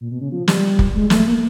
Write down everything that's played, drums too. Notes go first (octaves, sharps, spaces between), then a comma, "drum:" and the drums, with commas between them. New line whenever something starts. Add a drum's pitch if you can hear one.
A#2
B2
C#3
F3
G3, drum: snare
drum: kick
G#3
A3, drum: snare
A#3